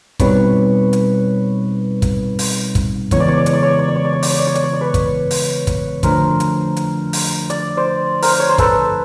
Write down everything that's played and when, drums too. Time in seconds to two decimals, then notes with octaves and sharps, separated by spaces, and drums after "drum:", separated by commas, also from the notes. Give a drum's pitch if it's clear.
0.20 B2 G3 C4 D#4 B4 C#5, drum: kick, hi-hat
0.93 drum: hi-hat
2.02 drum: kick, hi-hat
2.39 drum: open hi-hat
2.75 drum: kick, hi-hat
3.11 C#3 E3 G#3 B3 C#5, drum: kick, hi-hat
3.20 D5
3.29 C#5
3.37 D5
3.46 C#5, drum: hi-hat
3.53 D5
3.63 C#5
3.71 D5
3.79 C#5
3.88 D5
3.96 C#5
4.05 D5
4.13 C#5
4.23 D5, drum: open hi-hat
4.30 C#5
4.39 D5
4.47 C#5
4.55 D5, drum: hi-hat
4.64 C#5
4.73 D5
4.81 B4 C#5
4.94 drum: kick, hi-hat
5.31 drum: open hi-hat
5.67 drum: kick, hi-hat
6.03 D3 F3 A3 D4 A#4 C5, drum: kick, hi-hat
6.40 drum: hi-hat
6.77 drum: hi-hat
7.13 drum: open hi-hat
7.50 D5, drum: hi-hat
7.77 C5 D5
8.22 A#4 C5, drum: open hi-hat
8.40 C#5
8.49 C5
8.58 A4 B4, drum: kick, hi-hat